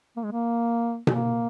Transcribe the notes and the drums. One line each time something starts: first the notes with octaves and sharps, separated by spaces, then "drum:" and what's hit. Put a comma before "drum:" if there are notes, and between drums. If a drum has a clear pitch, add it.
A#3
G#3
A#3
A#3, drum: tom B2